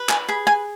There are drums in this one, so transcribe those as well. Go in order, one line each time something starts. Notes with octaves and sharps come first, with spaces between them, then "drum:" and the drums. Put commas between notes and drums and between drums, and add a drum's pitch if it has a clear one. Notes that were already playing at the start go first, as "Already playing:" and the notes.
Already playing: B4
G#5, drum: clap
G#4 B5
G#5